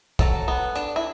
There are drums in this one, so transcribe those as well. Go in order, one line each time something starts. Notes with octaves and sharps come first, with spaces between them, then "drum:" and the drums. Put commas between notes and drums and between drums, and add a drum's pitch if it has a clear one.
F#3 A4, drum: kick, hi-hat
B3
D4, drum: hi-hat
E4